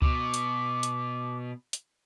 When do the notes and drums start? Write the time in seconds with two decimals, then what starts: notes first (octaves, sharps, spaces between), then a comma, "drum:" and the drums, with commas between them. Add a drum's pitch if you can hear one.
0.02 B2 D6, drum: kick C#2
0.34 drum: hi-hat
0.83 drum: hi-hat
1.73 drum: hi-hat